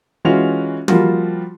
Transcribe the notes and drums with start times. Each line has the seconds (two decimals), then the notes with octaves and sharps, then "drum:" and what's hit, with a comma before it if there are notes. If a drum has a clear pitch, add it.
0.25 E3 G#3 C#4 F4 F#4 F7
0.88 F3 G3 A#3 F4 F#4, drum: tom